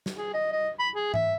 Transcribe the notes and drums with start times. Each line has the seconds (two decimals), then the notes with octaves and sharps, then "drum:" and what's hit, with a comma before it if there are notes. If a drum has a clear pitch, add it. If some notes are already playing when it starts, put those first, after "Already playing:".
0.06 drum: snare
0.17 G#4
0.34 D#5
0.52 D#5
0.79 B5
0.96 G#4
1.14 E5, drum: tom G#2